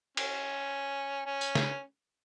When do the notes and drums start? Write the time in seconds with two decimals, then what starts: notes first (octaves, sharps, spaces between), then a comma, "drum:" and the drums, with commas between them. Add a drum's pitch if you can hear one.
0.17 C#4, drum: cymbal
1.25 C#4
1.41 drum: tambourine
1.55 drum: snare